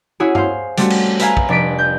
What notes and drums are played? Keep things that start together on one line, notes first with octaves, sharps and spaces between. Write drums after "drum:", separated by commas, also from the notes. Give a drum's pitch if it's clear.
C#4 E4 F#4 G#4
C5 F5, drum: tom G2
G3 A3 C4 C#4 F#4, drum: hi-hat
drum: cymbal
B4 E5 F5 G#5 A#5 G#6, drum: hi-hat
drum: kick
F1 D4 B6 D7
G6